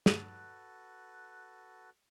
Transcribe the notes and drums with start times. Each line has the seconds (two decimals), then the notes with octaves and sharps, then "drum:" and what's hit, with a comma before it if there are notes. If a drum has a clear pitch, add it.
0.06 F#4 A4 B4, drum: snare